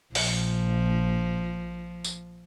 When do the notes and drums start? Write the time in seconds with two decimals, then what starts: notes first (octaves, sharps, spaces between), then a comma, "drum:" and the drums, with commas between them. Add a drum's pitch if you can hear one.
0.15 A#1 F3, drum: open hi-hat
2.05 drum: tambourine